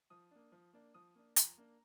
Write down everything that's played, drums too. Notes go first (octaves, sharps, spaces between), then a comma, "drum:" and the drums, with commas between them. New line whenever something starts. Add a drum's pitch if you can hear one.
F3 D#6
A#3 D4
F3
A#3 D4
F3 D#6
A#3 D4
F3 A#5, drum: hi-hat
A#3 D4